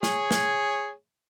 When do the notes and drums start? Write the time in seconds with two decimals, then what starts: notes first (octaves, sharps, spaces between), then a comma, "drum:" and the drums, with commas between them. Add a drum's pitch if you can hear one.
0.03 G#4 C#5, drum: snare
0.31 drum: snare